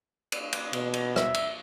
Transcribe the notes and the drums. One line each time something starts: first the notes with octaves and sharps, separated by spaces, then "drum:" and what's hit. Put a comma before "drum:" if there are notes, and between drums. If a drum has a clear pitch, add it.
drum: cymbal
drum: cymbal
B2, drum: cymbal
drum: cymbal
E5, drum: rim click
drum: cymbal